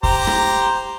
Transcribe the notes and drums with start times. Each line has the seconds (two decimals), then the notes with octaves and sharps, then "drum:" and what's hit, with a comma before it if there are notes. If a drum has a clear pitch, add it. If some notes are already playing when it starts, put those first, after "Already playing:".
0.03 G4 C5 A#5, drum: kick
0.27 drum: rim click